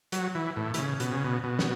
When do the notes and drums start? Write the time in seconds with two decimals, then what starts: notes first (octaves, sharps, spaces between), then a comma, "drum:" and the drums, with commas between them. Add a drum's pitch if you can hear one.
0.12 F#3, drum: hi-hat
0.35 E3
0.56 A2
0.74 E3, drum: hi-hat
0.78 C#3
1.00 B2, drum: hi-hat
1.12 C#3
1.24 B2
1.44 B2
1.59 drum: snare